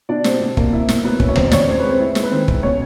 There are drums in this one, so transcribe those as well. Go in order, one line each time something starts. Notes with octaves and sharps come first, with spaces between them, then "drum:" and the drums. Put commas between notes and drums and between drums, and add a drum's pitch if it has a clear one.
B2 D4 D5
G3 C4 C5, drum: snare
B2
A#3, drum: kick
E4
A#3, drum: snare
F#3 B3 B4
C#4, drum: kick
C#5
C4 C5, drum: tom D#2
D5
D#3 C#4 C#5, drum: snare
C3 C5
G#3 B4
C4 C5
E4
G#3, drum: snare
B4
D#3 C4 C5
C4, drum: kick
B2 C#4 C#5